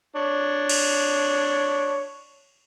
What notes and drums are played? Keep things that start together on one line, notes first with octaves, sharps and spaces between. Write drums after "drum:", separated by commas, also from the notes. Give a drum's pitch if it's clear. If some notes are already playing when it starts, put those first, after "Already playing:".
D4 C#5
drum: cymbal